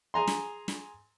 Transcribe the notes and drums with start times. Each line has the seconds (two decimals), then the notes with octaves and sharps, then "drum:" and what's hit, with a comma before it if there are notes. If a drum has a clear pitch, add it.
0.14 G#4 G#5 A#5 C6
0.27 drum: snare
0.68 drum: snare